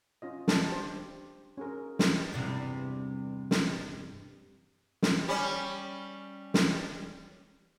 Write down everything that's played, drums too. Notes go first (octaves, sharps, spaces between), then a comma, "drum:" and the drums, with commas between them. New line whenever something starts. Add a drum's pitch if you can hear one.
C#4 F4 D#5
D4 A5, drum: snare
G4 C5
C#4 G#4 A#4
drum: snare
E2 G2 C3
drum: snare
drum: snare
G3 C#4
drum: snare